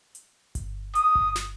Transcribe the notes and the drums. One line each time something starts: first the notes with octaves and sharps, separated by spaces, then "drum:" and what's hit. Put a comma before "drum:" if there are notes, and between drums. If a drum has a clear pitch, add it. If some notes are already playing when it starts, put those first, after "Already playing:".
drum: hi-hat
drum: kick G1, hi-hat
D#6, drum: hi-hat
drum: kick G1
drum: snare